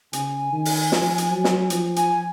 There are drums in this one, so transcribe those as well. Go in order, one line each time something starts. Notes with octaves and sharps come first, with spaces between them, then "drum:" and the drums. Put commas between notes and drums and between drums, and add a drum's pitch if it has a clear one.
C#3 G#5, drum: hi-hat
D#3
drum: open hi-hat
F3, drum: snare
drum: hi-hat
F#3
drum: snare
F3, drum: hi-hat
G#5, drum: hi-hat